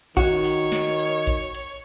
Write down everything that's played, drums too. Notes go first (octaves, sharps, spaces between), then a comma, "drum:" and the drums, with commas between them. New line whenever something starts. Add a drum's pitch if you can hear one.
D#3 F#4 C#5, drum: kick A#1, open hi-hat
drum: open hi-hat
drum: snare
drum: hi-hat
drum: kick A#1, hi-hat
drum: hi-hat